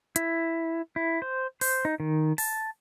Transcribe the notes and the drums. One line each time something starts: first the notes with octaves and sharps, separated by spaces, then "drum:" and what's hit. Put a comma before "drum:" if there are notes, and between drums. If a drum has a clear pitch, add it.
E4, drum: hi-hat
E4
C5
C5, drum: open hi-hat
D#4
D#3
A5, drum: open hi-hat